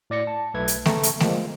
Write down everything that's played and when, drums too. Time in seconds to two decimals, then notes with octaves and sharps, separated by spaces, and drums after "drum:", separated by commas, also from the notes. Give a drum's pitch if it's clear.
0.10 A2 D5 A#6 C#7
0.27 A5
0.54 B1 A3 B4 E5 G#6
0.68 drum: hi-hat
0.86 C#3 A3 A5 A#5 C#6 A#6, drum: snare A3
1.03 drum: hi-hat
1.20 F3 G#3 A#3, drum: snare A3